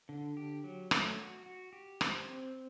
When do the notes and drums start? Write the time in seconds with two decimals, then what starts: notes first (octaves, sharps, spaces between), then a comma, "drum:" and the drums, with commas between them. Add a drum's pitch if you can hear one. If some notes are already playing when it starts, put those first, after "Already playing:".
0.09 D3
0.37 G4
0.64 F#3
0.91 A3, drum: rim click
1.18 F#4
1.46 F#4
1.73 G4
2.01 C5, drum: rim click
2.27 C4